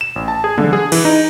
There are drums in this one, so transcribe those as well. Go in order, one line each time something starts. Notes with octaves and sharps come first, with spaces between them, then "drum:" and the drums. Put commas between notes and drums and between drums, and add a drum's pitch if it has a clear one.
E7
A1
A5
G#4
D3, drum: tom
G#4
E3, drum: cymbal
D#4